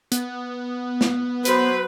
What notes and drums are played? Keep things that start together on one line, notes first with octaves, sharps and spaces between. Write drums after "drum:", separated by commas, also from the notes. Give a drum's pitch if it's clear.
B3, drum: hi-hat
drum: snare
F#3 B4 C5, drum: hi-hat